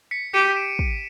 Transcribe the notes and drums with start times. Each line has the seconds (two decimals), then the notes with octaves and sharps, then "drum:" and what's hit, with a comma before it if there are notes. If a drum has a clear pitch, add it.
0.11 B6 C#7
0.33 G4 C#7 D#7
0.56 D7 E7
0.79 drum: kick